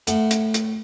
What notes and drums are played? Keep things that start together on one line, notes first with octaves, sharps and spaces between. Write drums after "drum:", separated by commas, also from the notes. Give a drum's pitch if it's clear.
A2 A3 F#5, drum: hi-hat
drum: hi-hat
drum: hi-hat